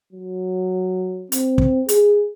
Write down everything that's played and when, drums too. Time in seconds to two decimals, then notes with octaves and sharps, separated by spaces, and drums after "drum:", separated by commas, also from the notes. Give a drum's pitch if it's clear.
0.13 F#3
1.32 C4, drum: hi-hat
1.58 drum: kick
1.89 G#4, drum: hi-hat